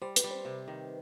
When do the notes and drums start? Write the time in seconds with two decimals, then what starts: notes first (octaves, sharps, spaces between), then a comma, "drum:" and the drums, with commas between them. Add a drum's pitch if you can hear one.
0.02 G3 C5
0.16 B4, drum: hi-hat
0.24 G3
0.31 C5
0.45 C3
0.68 D#3